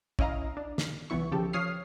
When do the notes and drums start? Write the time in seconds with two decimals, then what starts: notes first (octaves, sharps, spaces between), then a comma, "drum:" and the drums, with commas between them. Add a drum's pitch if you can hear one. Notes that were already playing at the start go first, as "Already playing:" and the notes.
0.19 C#4 E4 D#5 F5 A#5, drum: kick
0.57 D4
0.78 drum: snare
1.10 C2 E3 B3 E4 C#6
1.32 C#3 F3 G4 A4
1.53 F3 C#5 D#6 F6 C7